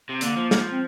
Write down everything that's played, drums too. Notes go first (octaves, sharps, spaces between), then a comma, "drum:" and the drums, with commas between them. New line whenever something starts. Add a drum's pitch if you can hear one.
C3
D3 A#3, drum: hi-hat
F3
drum: snare
C4